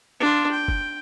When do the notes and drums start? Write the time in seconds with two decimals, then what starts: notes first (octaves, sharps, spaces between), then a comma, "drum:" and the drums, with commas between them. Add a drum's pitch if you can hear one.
0.20 D4 F4
0.51 G5
0.68 drum: kick